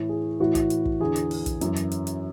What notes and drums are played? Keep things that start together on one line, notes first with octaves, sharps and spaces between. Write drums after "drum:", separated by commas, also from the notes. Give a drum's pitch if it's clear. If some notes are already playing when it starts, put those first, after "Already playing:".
Already playing: A2 E3
G#4
A2 E3 F#4
drum: kick, hi-hat
drum: hi-hat
drum: kick
E2 D3 G#4
drum: hi-hat
drum: open hi-hat
drum: kick, hi-hat
F#2 E3, drum: hi-hat
drum: hi-hat
drum: hi-hat
drum: hi-hat